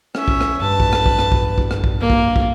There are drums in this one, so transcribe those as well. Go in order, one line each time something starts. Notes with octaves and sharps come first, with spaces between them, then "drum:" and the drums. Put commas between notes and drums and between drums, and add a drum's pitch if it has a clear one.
C#4 E5, drum: rim click
drum: kick
drum: rim click
G2 B4 A5
drum: kick
drum: rim click
drum: kick
drum: rim click
drum: kick
drum: kick
drum: rim click
drum: kick
A#3
drum: kick
drum: kick